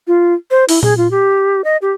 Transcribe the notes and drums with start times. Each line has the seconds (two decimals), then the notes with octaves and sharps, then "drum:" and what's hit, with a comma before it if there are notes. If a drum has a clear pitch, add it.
0.07 F4
0.51 C5
0.69 E4, drum: open hi-hat
0.83 G#4, drum: tom A#2
0.97 F4
1.11 G4
1.64 D#5
1.82 G4